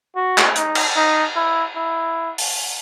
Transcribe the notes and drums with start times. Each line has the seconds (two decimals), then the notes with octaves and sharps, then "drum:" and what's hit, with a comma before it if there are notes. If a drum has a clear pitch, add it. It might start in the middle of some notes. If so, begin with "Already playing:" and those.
0.16 F#4
0.38 drum: clap
0.56 D#4, drum: hi-hat
0.75 drum: cymbal
0.96 D#4
1.36 E4
1.76 E4
2.38 drum: open hi-hat